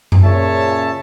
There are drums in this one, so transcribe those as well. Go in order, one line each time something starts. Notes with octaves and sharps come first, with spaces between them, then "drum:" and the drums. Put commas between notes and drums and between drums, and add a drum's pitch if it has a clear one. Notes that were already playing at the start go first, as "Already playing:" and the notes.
drum: tom F#2
A#2 C#3 C#5 E5 A5